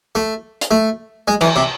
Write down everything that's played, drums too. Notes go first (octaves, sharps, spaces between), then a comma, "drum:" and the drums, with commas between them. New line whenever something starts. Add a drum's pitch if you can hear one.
A3
drum: hi-hat
A3
G#3
E3, drum: cymbal
C3